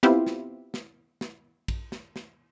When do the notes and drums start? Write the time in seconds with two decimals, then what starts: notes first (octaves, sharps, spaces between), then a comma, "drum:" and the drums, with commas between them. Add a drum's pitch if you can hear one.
0.03 B3 C4 E4 F4 G4, drum: snare
0.27 drum: snare
0.74 drum: snare
1.21 drum: snare
1.68 drum: kick, cymbal
1.92 drum: snare
2.16 drum: snare